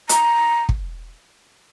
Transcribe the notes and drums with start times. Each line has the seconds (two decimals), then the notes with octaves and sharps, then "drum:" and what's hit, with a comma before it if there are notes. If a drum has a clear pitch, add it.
0.09 A#5, drum: hi-hat
0.69 drum: kick